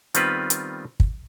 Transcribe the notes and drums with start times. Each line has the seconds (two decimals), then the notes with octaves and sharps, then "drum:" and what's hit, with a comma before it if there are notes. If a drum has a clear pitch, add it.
0.14 D#3 G3 B3 C4 F4 B4, drum: hi-hat
0.50 drum: hi-hat
1.00 drum: kick